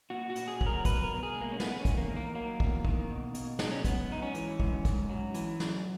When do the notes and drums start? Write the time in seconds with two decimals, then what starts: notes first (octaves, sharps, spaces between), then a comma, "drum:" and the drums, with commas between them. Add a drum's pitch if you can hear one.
0.10 A#2 F#4
0.30 F#4
0.36 A#2, drum: hi-hat
0.48 G#4
0.61 F#3, drum: kick
0.66 A#4
0.85 B2 B4, drum: kick, hi-hat
1.04 A#4
1.10 B2
1.23 G#4
1.35 G#3
1.42 A#3
1.52 C#4
1.60 G#3 B3, drum: snare
1.79 C#4
1.85 E2, drum: kick, hi-hat
1.97 A#3
2.10 D#3
2.17 A#3
2.35 F#3 A#3
2.60 E2, drum: kick
2.85 D#3, drum: kick
3.11 B2
3.34 B2, drum: hi-hat
3.59 F#3 D#4, drum: snare
3.72 C#4
3.84 G#3 B3, drum: kick, hi-hat
4.10 G#2 D#4
4.22 C#4
4.34 E3, drum: hi-hat
4.60 G#2, drum: kick
4.85 G#2, drum: kick, hi-hat
5.10 F#3
5.34 E3, drum: hi-hat
5.60 F#2, drum: snare